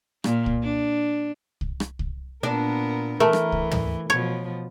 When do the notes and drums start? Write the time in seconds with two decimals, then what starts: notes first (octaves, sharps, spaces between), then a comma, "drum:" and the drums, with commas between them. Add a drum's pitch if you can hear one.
0.24 A#2, drum: rim click
0.46 drum: kick C2
0.63 D4
1.61 drum: kick C2
1.80 drum: rim click
1.99 drum: kick C2
2.43 A#2 B3 D4 A#4
3.20 E3 A3 A#4
3.33 drum: rim click
3.52 drum: kick C2
3.71 drum: tom
4.10 B2 F3 C#5